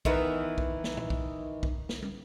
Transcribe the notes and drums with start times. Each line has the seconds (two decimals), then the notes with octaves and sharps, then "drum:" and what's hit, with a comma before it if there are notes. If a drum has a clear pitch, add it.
0.05 D#3 E3 B3, drum: kick
0.58 drum: kick
0.84 drum: snare
0.97 drum: tom
1.10 drum: kick
1.63 drum: kick
1.89 drum: snare
2.02 drum: tom